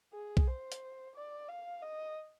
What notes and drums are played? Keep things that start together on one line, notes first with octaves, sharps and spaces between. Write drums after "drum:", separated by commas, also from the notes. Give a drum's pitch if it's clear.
G#4
drum: kick B1
C5
drum: hi-hat
D5
F5
D#5